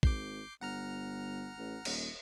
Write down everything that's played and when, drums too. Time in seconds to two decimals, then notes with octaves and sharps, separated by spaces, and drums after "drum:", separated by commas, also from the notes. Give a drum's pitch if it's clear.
0.03 G#1 D6 G6 C7, drum: kick
0.61 G1 F#5 A#5 F6
1.58 A1
1.85 D#1, drum: cymbal